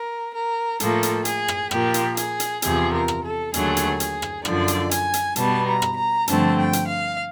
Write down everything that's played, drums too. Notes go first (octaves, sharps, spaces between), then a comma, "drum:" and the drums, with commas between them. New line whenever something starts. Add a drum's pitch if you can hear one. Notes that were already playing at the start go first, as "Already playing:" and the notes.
Already playing: A#4
A#4
A2 F3 A#3 A4, drum: hi-hat
drum: hi-hat
G#4, drum: hi-hat
drum: rim click
A#2 F3 A#3 G4, drum: rim click
drum: hi-hat
G#4, drum: hi-hat
drum: hi-hat
E2 C3 F3 G#4, drum: hi-hat
A#4
drum: rim click
A4
D#2 D3 F#3 A3 G#4, drum: hi-hat
drum: hi-hat
G#4, drum: hi-hat
drum: rim click
F#2 D3 F3 D5, drum: rim click
drum: hi-hat
G#5, drum: hi-hat
drum: hi-hat
B2 G3 B3 A5, drum: hi-hat
A#5
drum: rim click
A#5
G2 D3 F3 A3 C4 A5, drum: hi-hat
G5
drum: hi-hat
F5